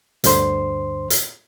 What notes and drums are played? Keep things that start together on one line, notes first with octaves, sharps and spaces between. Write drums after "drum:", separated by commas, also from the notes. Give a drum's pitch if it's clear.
D2 G2 D3 C5 C6, drum: hi-hat
drum: hi-hat